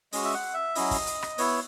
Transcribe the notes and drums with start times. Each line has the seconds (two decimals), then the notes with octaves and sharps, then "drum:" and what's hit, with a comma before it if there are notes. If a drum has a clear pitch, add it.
0.12 G#3 C#4 F#4 D#5, drum: open hi-hat
0.25 E5
0.34 F#5
0.54 E5
0.75 F#3 C#4 E4 D#5, drum: open hi-hat
0.91 drum: kick, open hi-hat
1.07 drum: hi-hat
1.22 drum: rim click
1.38 B3 E4 C#5, drum: open hi-hat